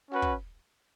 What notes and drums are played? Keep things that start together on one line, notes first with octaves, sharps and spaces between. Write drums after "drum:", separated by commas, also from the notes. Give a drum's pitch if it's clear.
C#4 F#4 B4
drum: kick